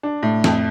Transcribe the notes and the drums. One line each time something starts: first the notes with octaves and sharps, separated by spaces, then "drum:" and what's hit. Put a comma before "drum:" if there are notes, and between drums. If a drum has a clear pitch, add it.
D4
A2
F2, drum: snare